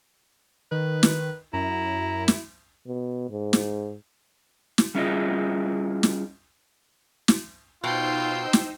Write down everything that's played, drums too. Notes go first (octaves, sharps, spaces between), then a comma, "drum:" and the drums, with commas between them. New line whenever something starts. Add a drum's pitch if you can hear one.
D#3 B4
drum: snare
F#2 E4 A#5
drum: snare
B2
G#2
drum: snare
drum: snare
G3 C#4 E4 F4 G#4 D#5
drum: snare
drum: snare
B2 D#4 F4 C5 G5 C6 E6
drum: snare